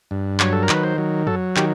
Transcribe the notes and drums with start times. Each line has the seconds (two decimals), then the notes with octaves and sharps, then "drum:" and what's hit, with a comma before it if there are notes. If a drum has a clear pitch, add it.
0.11 G2
0.40 F#3 C#5, drum: clap
0.53 A4
0.63 A#4
0.69 D#3 B4, drum: clap
0.83 C5
0.98 F#3
1.27 F#3 A4, drum: tom
1.56 D#3 G4, drum: clap